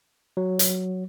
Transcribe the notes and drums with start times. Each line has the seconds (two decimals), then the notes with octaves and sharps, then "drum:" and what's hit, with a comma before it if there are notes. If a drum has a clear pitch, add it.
0.37 F#3
0.59 drum: hi-hat